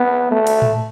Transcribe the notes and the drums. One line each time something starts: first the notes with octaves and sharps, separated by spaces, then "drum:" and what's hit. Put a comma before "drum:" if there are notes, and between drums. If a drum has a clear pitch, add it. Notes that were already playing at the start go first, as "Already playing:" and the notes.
Already playing: B3
A3
drum: cymbal
drum: tom A2